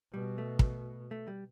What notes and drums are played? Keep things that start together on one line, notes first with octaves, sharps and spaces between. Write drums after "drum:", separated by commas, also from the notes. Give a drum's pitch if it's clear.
B2 G3
A3
drum: kick
A3
G3